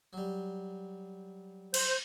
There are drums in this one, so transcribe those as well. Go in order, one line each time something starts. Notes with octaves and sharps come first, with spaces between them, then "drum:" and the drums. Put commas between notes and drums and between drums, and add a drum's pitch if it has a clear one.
F#3 G3
C5 G6, drum: cymbal